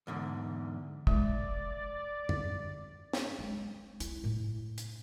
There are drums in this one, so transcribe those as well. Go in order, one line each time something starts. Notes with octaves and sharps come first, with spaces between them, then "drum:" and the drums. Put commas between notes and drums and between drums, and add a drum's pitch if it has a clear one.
E2 G#2 D3
G#3 D5, drum: kick
drum: tom
drum: snare
G#3
E4, drum: hi-hat
A2
drum: hi-hat